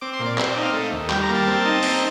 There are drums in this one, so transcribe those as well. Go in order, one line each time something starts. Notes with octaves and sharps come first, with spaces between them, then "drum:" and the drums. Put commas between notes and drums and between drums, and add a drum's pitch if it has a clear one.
C4 D6
C6
A#2
D5
C4, drum: clap
D5
D#4
F5
A3
D#2
G3 G5, drum: clap
A#5
A#3
A5
C4
D#4
C4, drum: open hi-hat